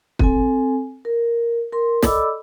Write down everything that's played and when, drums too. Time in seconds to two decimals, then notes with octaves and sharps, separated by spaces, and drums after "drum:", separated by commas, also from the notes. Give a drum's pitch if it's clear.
0.19 C4 A4 G#5, drum: kick
1.05 A#4
1.72 A#4 C6
2.03 A4 D5 D#5 B5 D6 E6, drum: snare